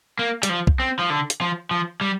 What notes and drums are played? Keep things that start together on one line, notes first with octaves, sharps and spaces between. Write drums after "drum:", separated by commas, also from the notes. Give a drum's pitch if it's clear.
A#3
G3, drum: hi-hat
F3
drum: kick B1
C4
F3
D3
drum: hi-hat
F3
F3
G3